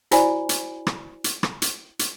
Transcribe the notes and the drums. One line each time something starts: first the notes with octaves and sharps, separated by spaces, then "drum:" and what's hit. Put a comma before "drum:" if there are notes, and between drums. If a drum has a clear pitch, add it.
E4 F#4 C5 D5 G#5 B5, drum: hi-hat
drum: hi-hat
drum: rim click
drum: hi-hat
drum: rim click
drum: hi-hat
drum: hi-hat